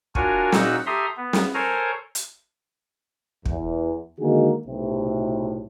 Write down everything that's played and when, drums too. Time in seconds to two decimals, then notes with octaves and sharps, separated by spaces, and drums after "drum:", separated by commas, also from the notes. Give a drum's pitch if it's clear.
0.15 D4 F4 F#4 A#4 C#5 G#5, drum: kick
0.52 A#2 D#4 F#4 F#5 E6, drum: snare
0.86 G4 A4 E5 A#5 C6 D#6
1.17 B3
1.33 drum: snare
1.54 A4 A#4 C5 C#5 G#5 A#5
2.15 drum: hi-hat
3.46 E2, drum: kick
4.20 D3 D#3 G#3 A#3 F#4 G#4
4.67 B1 A2 C3